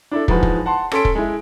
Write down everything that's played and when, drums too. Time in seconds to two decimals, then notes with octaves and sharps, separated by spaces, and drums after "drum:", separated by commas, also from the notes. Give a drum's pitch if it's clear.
0.11 D4 E4 A4
0.28 E3 F3 G#3 D#4 F#4 B4, drum: kick
0.43 drum: kick
0.66 F#5 A5 C6
0.91 C#4 A4 C6 B6 D7, drum: rim click
1.05 drum: kick
1.15 G#3 E4